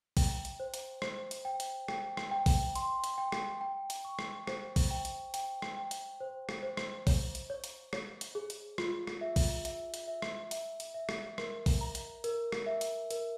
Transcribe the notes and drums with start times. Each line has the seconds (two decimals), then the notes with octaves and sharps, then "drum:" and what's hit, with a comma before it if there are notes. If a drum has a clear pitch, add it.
0.17 G5, drum: kick A#1, open hi-hat
0.45 drum: hi-hat
0.60 C5
0.74 drum: hi-hat
1.02 C5, drum: rim click
1.31 drum: hi-hat
1.45 G5
1.60 drum: hi-hat
1.88 G5, drum: rim click
2.17 drum: rim click
2.31 G5
2.46 drum: kick A#1, open hi-hat
2.75 C6, drum: hi-hat
3.04 drum: hi-hat
3.18 G5
3.32 drum: rim click
3.61 G5
3.90 drum: hi-hat
4.05 C#6
4.19 drum: rim click
4.47 C5, drum: rim click
4.76 drum: kick A#1, open hi-hat
4.91 G5
5.05 drum: hi-hat
5.34 G5, drum: hi-hat
5.62 drum: rim click
5.77 G5
5.91 drum: hi-hat
6.20 C5
6.49 drum: rim click
6.63 C5
6.77 drum: rim click
7.07 C#5, drum: kick A#1, open hi-hat
7.35 drum: hi-hat
7.50 C#5
7.64 drum: hi-hat
7.93 C#5, drum: rim click
8.21 drum: hi-hat
8.35 G#4
8.50 drum: hi-hat
8.78 F4, drum: rim click
9.07 drum: rim click
9.21 E5
9.36 drum: kick A#1, open hi-hat
9.65 E5, drum: hi-hat
9.94 drum: hi-hat
10.08 E5
10.22 drum: rim click
10.51 E5, drum: hi-hat
10.80 drum: hi-hat
10.94 E5
11.09 drum: rim click
11.38 A#4, drum: rim click
11.66 drum: kick A#1, open hi-hat
11.81 A#5
11.95 drum: hi-hat
12.24 A#4, drum: hi-hat
12.52 drum: rim click
12.66 E5
12.81 drum: hi-hat
13.11 A#4, drum: hi-hat